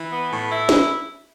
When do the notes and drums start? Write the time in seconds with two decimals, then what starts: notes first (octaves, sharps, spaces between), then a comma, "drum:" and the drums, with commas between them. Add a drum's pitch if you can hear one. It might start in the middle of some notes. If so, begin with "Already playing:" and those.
Already playing: E3
0.12 B3
0.31 A2
0.50 E4
0.69 drum: snare